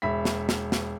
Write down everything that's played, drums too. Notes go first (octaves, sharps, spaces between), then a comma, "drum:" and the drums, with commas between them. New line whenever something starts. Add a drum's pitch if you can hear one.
E1 E5 B5 B6
drum: snare
drum: snare
drum: snare